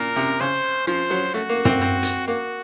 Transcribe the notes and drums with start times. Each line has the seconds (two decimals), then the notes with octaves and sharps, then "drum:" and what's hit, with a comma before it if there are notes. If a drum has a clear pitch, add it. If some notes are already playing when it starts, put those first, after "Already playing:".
Already playing: A#2 A#4
0.16 C3
0.40 C#3 C5
0.87 F3 C5
1.10 F#3
1.34 A3 F#4
1.49 A#3
1.65 C4, drum: tom
1.81 C4
2.03 drum: hi-hat
2.27 A#3 F#4